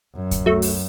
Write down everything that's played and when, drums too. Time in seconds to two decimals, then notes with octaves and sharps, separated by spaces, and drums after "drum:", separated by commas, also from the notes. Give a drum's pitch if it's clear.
0.15 F#2
0.31 drum: kick C#2, hi-hat
0.46 F#3 A3
0.62 drum: open hi-hat